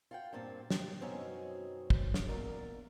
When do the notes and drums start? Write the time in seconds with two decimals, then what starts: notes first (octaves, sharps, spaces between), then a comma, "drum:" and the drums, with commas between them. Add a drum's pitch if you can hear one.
0.11 F4 F#5 G5
0.33 G2 A#2 C4 A5
0.71 G4 G5, drum: snare
1.01 F#2 B2 C4 C#4 D#4
1.90 drum: kick
2.14 drum: snare
2.28 E2 A#2 D#3 F#3 A#4 D5